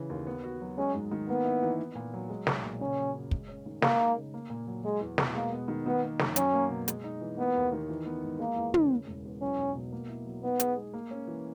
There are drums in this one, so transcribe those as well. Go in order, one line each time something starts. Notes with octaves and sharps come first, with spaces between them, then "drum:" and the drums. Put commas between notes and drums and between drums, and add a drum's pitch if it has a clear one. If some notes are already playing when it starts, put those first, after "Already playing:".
Already playing: C#3 E3
D#2
B3
F#4
F#3
G#3 C#4
G#2
D#3
A#3 B3
E4
E3
B3
A#2
F#3
G#3
B1, drum: snare
A#2
C#3 C#4
F#3
F#2
G#3, drum: kick
C#4
D#3
G#3 A#3, drum: snare
D#4
C#3
A#3
A#2
F#3
F#3 G#3
E2
B2, drum: snare
G#3 A#3
B3
D#3
D#3 B3
A#3
F#2, drum: snare
F#3 C#4, drum: hi-hat
A#3
B2
G#3, drum: hi-hat
D#4
E3
A#3 B3
D#2
D#3
E3
B3
G#2
G#3 A#3
E2
C#3, drum: tom
C#3
E1
E2
F#3 C#4
B1
B2
A#3
E4
F#3
B3 D#4
G#4, drum: hi-hat
G#3
A#3
C#4
E3